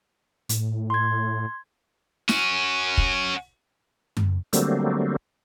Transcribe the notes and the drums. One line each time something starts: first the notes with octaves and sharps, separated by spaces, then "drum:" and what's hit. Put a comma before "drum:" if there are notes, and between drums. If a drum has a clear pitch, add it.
A2, drum: hi-hat
C6 G#6
C#4 F#4, drum: snare
drum: kick
drum: tom F#2
D3 F#3 G3 A3 A#3 C4, drum: hi-hat